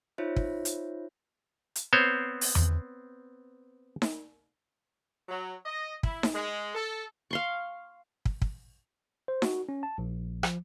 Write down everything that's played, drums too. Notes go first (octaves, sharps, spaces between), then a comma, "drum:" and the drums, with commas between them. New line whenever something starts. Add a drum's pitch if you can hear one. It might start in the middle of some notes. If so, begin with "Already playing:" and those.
D#4 F4 C5 C#5 E5
drum: kick
drum: hi-hat
drum: hi-hat
B3 C4 C5 C#5
drum: open hi-hat
drum: tom E2
drum: snare D#4
F#3
D#5
E4, drum: kick
drum: snare D#4
G#3
A4
F5 C6 C#6
drum: kick
drum: kick
C5
F#4, drum: snare D#4
C#4
A5
A#1
F3, drum: rim click